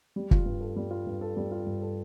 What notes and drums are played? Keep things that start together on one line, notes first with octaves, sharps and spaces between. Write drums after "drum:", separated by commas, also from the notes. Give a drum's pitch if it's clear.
G3
F4, drum: kick
G2
A4
G3
F4
G2
A4
G3
F4
G2
A4